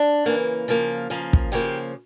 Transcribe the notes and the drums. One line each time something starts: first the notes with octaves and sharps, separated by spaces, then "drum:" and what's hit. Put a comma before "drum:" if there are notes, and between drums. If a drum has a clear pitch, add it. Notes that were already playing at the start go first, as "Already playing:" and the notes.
Already playing: D4
C#3 E3 A#3
C#3 F3 A#3
C#3 F3 A#3
drum: kick
C#3 F3 A#3 G4